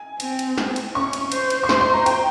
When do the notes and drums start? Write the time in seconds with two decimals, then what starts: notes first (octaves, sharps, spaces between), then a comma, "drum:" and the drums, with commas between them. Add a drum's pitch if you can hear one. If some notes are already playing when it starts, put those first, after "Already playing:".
Already playing: G#5
0.20 C4, drum: cymbal
0.39 drum: cymbal
0.58 drum: snare
0.76 drum: cymbal
0.95 C#4 C#6
1.13 drum: cymbal
1.32 C5, drum: cymbal
1.50 drum: cymbal
1.63 C#6
1.69 C6, drum: snare
1.81 C6
1.93 A#5
2.06 G5, drum: cymbal